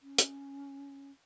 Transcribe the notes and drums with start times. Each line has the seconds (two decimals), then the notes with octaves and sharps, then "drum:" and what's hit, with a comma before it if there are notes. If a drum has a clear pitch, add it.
0.01 C#4
0.18 drum: hi-hat